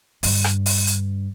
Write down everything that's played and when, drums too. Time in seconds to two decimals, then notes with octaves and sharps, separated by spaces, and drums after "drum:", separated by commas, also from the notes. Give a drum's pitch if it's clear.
0.23 G2 D3, drum: open hi-hat
0.44 drum: rim click
0.66 drum: open hi-hat
0.87 drum: hi-hat